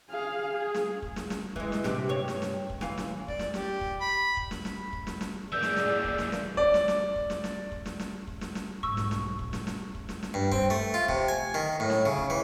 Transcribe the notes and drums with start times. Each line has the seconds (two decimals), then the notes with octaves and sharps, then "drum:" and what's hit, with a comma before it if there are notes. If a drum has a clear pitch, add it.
0.11 G#4 F5
0.53 G#4
0.74 drum: snare
1.02 drum: kick
1.16 drum: snare
1.30 drum: snare
1.56 E3 G#3, drum: kick
1.72 drum: snare
1.84 C3 G3 D4, drum: snare
2.09 G2 C#5
2.28 drum: snare
2.42 drum: snare
2.70 drum: kick
2.81 E3 F4, drum: snare
2.98 drum: snare
3.28 D5, drum: kick
3.39 drum: snare
3.54 G4, drum: snare
3.81 drum: kick
4.01 B5
4.37 drum: kick
4.51 drum: snare
4.65 drum: snare
4.93 drum: kick
5.07 drum: snare
5.21 drum: snare
5.52 E3 A#3 G#4 D5 E6 G6
5.62 drum: snare
5.76 drum: snare
6.04 drum: kick
6.18 drum: snare
6.32 drum: snare
6.57 D5, drum: kick
6.74 drum: snare
6.88 drum: snare
7.16 drum: kick
7.30 drum: snare
7.44 drum: snare
7.72 drum: kick
7.86 drum: snare
7.99 drum: snare
8.27 drum: kick
8.41 drum: snare
8.55 drum: snare
8.83 B1 G#2 C#6 E6, drum: kick
8.97 drum: snare
9.11 drum: snare
9.39 drum: kick
9.53 drum: snare
9.67 drum: snare
9.95 drum: kick
10.09 drum: snare
10.23 drum: snare
10.34 G2
10.52 C4, drum: kick
10.70 A3
10.94 F4
11.09 C3, drum: kick
11.28 G#5
11.54 D#3
11.80 A2
11.90 drum: snare
12.06 C#3
12.18 drum: kick
12.30 E3